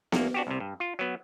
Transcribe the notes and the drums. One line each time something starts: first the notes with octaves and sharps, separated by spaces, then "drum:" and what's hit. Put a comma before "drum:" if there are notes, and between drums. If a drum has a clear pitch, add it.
E2 A#3, drum: snare B3
D4 F#4 G4
C2 C3
G2
F4
F#3 B3